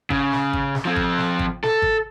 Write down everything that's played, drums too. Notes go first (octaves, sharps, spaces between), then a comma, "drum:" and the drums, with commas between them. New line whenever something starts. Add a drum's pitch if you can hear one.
C#3, drum: kick G#1
drum: snare
drum: kick G#1
drum: snare
F3 C4
drum: kick G#1
drum: snare
drum: kick G#1
A4, drum: snare
drum: kick G#1